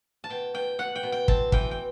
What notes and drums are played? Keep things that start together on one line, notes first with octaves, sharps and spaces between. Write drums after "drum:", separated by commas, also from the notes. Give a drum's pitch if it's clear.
A5
B2 G5
B2 G5
B2 F#5
G5
B2
G5
C4 A5, drum: kick
E3 G5, drum: kick
G5